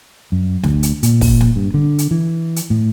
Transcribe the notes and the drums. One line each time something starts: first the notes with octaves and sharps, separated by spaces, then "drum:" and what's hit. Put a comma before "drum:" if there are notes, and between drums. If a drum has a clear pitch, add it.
F#2
D2, drum: snare
drum: hi-hat
A#2, drum: hi-hat
drum: kick, open hi-hat
drum: snare
G2
D3
drum: hi-hat
E3
drum: hi-hat
A2